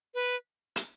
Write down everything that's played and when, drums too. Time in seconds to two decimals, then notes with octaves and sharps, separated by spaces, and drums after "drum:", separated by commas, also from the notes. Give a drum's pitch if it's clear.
0.14 B4
0.76 drum: hi-hat